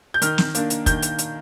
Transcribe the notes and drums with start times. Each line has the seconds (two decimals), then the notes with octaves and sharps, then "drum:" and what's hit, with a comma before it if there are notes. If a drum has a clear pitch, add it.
0.14 G6
0.22 D#3 F6, drum: hi-hat
0.38 drum: snare
0.55 A#3 D4, drum: hi-hat
0.70 drum: hi-hat
0.86 D#3 G6, drum: kick, hi-hat
1.02 drum: hi-hat
1.18 drum: hi-hat